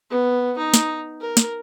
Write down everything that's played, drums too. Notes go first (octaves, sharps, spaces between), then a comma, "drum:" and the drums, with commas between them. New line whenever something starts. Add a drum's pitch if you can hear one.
B3
D#4
drum: snare
A#4
drum: snare